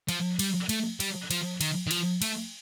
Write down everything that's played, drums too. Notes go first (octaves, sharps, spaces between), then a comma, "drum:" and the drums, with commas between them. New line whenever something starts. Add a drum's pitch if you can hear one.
F3, drum: cymbal
G3, drum: cymbal
A3, drum: cymbal
G3, drum: cymbal
F3, drum: cymbal
D#3, drum: cymbal
D#3
F3, drum: cymbal
A3, drum: cymbal